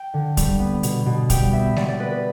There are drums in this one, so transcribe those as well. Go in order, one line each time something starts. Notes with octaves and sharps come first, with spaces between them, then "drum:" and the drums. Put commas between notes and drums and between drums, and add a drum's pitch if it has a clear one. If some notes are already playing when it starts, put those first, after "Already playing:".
Already playing: G5
D3
G3, drum: kick, hi-hat
B3
B2, drum: hi-hat
B2
G3 G5, drum: kick, hi-hat
B3 E5
B2 D5, drum: snare G#3
D5
B3 B4
B4